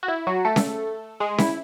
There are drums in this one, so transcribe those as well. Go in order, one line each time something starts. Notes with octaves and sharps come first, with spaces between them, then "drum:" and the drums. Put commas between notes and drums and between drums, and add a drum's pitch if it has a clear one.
F#4
E4
F#3 F#4
A3 A4
drum: snare C#4
G#3 G#4
E4, drum: snare C#4